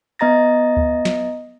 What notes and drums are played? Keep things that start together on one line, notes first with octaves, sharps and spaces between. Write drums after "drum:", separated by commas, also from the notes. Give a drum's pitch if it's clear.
B3 D#5 A#5 A6 A#6
drum: kick C#2
drum: snare